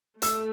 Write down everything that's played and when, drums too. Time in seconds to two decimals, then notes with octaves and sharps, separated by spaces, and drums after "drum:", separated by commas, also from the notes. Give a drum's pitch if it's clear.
0.22 A3 E6, drum: hi-hat